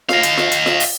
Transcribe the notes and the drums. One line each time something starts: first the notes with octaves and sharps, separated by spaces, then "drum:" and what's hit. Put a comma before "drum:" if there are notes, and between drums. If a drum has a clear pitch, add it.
D#5 F5, drum: snare F4
drum: hi-hat
drum: snare F4
drum: hi-hat
drum: snare F4
drum: open hi-hat